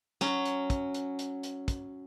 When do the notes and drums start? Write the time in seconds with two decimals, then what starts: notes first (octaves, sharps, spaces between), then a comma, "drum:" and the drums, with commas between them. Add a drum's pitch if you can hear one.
0.21 F#3 C#4, drum: snare
0.45 drum: hi-hat
0.70 drum: kick, hi-hat
0.94 drum: hi-hat
1.19 drum: hi-hat
1.43 drum: hi-hat
1.68 drum: kick, hi-hat